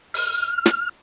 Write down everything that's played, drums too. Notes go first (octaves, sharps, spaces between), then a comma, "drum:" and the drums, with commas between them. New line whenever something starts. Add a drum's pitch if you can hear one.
F6, drum: open hi-hat
drum: snare